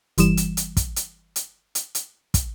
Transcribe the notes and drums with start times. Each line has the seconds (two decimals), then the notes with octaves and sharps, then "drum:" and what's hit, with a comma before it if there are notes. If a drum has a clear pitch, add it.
0.18 G1 E3 G3 E7, drum: hi-hat
0.37 drum: hi-hat
0.57 drum: hi-hat
0.77 drum: kick, hi-hat
0.96 drum: hi-hat
1.36 drum: hi-hat
1.75 drum: hi-hat
1.95 drum: hi-hat
2.34 drum: kick, hi-hat